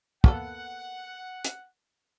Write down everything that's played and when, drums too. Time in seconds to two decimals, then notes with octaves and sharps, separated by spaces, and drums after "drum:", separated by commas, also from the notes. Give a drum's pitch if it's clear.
0.24 A#3 B3 A4 F#5, drum: kick
1.44 drum: hi-hat